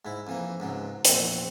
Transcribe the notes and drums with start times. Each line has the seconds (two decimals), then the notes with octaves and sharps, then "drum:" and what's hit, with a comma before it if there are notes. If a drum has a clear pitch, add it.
0.05 G#2 E4
0.27 F2 E3 A#3
0.60 C#2 G#2 F#3
1.05 A#1 E2 C4 C5 G5, drum: hi-hat